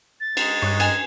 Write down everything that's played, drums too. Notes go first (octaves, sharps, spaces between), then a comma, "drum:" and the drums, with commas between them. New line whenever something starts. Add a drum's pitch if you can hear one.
A6
G#3 D#4, drum: cymbal
G2 C#5 D#5 F#6
G#5, drum: cymbal